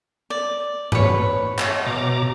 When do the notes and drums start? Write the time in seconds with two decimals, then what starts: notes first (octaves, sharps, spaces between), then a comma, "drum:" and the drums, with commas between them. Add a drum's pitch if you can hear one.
0.30 D5
0.92 B4 C#5, drum: tom G2
1.59 C#5 D#5, drum: clap
1.87 B2 A#5 D6